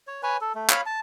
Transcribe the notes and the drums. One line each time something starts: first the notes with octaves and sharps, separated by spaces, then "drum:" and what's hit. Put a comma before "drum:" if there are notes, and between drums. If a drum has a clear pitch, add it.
C#5
B4 C#5 G#5
A4
A3
C#5 F5 B5, drum: clap
A5